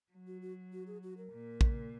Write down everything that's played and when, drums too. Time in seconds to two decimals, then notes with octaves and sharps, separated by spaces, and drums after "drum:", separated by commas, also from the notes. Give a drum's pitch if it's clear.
0.12 F#3
0.27 F#4
0.42 F#4
0.73 F#4
0.87 G#4
1.03 F#4
1.17 A#4
1.33 A#2
1.61 drum: kick